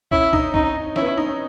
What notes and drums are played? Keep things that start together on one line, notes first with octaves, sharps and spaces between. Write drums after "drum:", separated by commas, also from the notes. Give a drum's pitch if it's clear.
C#4 E4, drum: kick
D#4, drum: kick
C#4 D#4, drum: kick
C#4 E4, drum: snare
B3
C#4
D#4
C#4